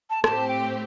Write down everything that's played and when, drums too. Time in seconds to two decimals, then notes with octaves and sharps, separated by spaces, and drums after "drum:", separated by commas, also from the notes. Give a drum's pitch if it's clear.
0.10 A5
0.24 A2 A3 C4 G4 C5 A5, drum: rim click
0.48 G5